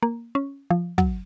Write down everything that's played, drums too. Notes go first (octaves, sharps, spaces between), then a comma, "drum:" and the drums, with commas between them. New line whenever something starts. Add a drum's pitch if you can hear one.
A#3
C#4
F3
F#3, drum: kick